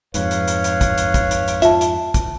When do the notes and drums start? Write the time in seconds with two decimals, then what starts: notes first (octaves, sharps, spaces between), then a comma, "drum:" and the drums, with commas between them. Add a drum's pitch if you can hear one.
0.14 F2 G#2 B4 C#5 F5, drum: hi-hat
0.31 drum: hi-hat
0.48 drum: hi-hat
0.64 drum: hi-hat
0.81 drum: kick, hi-hat
0.98 drum: hi-hat
1.14 drum: kick, hi-hat
1.31 drum: hi-hat
1.48 drum: hi-hat
1.62 F4 E5 A5, drum: hi-hat
1.81 drum: hi-hat
2.14 drum: kick, hi-hat